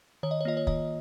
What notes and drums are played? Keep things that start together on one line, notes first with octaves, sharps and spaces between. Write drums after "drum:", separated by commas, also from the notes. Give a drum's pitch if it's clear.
D#3 C#5
D#5
C#5
A#3 F4 D#5
C#5
D#3 D#5, drum: kick